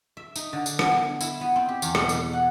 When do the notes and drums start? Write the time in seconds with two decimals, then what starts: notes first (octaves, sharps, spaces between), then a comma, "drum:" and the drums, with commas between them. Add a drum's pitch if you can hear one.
0.17 E5
0.36 D#4, drum: tambourine
0.53 D3
0.66 drum: tambourine
0.79 B3, drum: rim click
0.91 G#5
1.21 E4, drum: tambourine
1.41 B3
1.56 C4
1.69 G4
1.82 E2, drum: tambourine
1.95 B2, drum: rim click
2.09 drum: tambourine
2.33 F#5